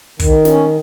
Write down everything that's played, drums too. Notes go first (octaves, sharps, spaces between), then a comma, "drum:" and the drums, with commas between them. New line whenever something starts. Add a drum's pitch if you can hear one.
D#3, drum: kick, hi-hat
C#4, drum: snare